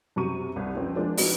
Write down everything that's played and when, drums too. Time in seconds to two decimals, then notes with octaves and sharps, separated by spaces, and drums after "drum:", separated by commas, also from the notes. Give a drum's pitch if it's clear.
0.16 F#2 C3 F#4 A#5 C#6 D#7
0.56 C2
0.75 F2 C4 C#4
0.96 F3 G#3 A#3 D4
1.17 F3 C4 D#4 F#4 B4, drum: open hi-hat